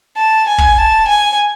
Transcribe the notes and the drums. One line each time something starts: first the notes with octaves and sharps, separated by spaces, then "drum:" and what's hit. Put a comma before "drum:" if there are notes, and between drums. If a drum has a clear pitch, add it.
A5
G#5
drum: kick
A5
G#5